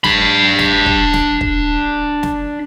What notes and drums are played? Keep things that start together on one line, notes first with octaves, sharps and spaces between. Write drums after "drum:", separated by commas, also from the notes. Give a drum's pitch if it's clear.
D4 B5, drum: snare
drum: snare
drum: kick
drum: snare
drum: kick
drum: snare